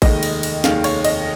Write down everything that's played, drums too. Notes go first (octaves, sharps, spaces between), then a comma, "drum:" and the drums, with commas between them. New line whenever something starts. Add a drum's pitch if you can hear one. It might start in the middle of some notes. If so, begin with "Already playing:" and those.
F1 D#2 D#3 G#3 D#5, drum: kick A1, cymbal
drum: cymbal
drum: cymbal
F1 D#2 D#3 G#3 F5, drum: snare
C#5, drum: cymbal
D#5, drum: cymbal